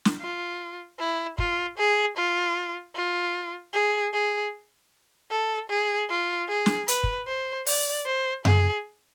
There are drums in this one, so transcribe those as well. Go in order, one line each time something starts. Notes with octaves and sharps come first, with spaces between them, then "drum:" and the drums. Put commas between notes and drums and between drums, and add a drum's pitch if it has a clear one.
drum: snare
F4
E4
F4, drum: kick
G#4
F4
F4
G#4
G#4
A4
G#4
F4
G#4
drum: snare
B4, drum: hi-hat
drum: kick
C5
D5, drum: open hi-hat
C5
G#4, drum: tom F#2